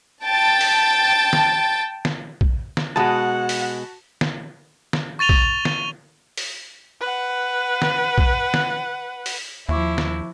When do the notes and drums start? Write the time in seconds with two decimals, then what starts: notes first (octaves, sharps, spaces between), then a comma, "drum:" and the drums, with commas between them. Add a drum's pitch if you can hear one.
0.25 G5 A5 A6
0.61 drum: open hi-hat
1.33 drum: snare
2.05 drum: snare
2.41 drum: kick
2.77 drum: snare
2.96 B2 G#3 F#4 F#5 A5
3.49 drum: open hi-hat
4.21 drum: snare
4.93 drum: snare
5.19 C#6 A6 D#7 F7 G7
5.29 drum: kick
5.65 drum: snare
6.37 drum: open hi-hat
7.01 B4 F#5
7.82 drum: snare
8.18 drum: kick
8.54 drum: snare
9.26 drum: open hi-hat
9.69 D#2 F3 E4 E5 C#6 D6
9.98 drum: snare